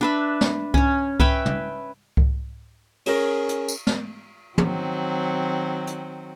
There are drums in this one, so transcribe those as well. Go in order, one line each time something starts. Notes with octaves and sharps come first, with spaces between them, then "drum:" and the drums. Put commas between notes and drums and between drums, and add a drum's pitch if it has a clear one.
D4 B4 E5
drum: snare
C#4 C#5, drum: kick C2
B4 C#5 E5 G5, drum: kick C2
drum: tom
drum: kick C2
C#4 G#4 A#4 A#6, drum: cymbal
drum: hi-hat
drum: tambourine
drum: snare
D#3 F#3 C4, drum: tom
drum: hi-hat